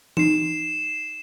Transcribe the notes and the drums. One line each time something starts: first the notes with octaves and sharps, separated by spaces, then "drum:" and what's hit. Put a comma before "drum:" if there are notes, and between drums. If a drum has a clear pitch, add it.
D#4 C7 E7, drum: tom E3